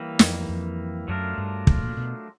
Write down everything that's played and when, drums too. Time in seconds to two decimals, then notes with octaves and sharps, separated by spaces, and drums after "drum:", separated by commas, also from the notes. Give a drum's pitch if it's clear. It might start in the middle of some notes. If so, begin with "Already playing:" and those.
Already playing: E3 G3 A#3
0.19 F2, drum: snare
0.49 F2
1.08 F#2 F#3 A3 D4 F4 A#4
1.38 G2
1.67 G#2, drum: kick
1.77 A2
1.82 A#2
1.97 B2